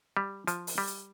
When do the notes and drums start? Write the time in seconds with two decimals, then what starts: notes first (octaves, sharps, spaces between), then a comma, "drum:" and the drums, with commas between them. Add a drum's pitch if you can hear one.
0.17 G3
0.47 F3, drum: hi-hat
0.67 drum: open hi-hat
0.78 G3
0.87 drum: hi-hat